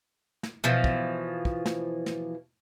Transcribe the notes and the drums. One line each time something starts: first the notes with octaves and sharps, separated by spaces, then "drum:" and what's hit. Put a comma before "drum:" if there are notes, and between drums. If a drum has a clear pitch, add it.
drum: snare
B2 E3 F3
drum: kick
drum: kick
drum: snare
drum: snare